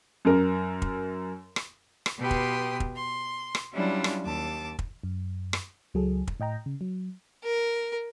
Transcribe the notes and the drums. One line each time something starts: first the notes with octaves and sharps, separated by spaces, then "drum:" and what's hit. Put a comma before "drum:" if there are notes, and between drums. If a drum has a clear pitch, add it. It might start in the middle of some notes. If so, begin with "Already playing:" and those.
F#2 A#4
drum: kick
drum: rim click
drum: rim click
B2 G4 B4 G5 C6 D#6
drum: kick
drum: kick
C6
drum: rim click
F#3 G3 C#4 D4 E4 F4
drum: rim click
D#2 A5 D6
drum: kick
F#2
drum: rim click
C#2 F#3 G#4 A4
drum: kick
A2 D#5 G5 A#5
C#3
F#3
A#4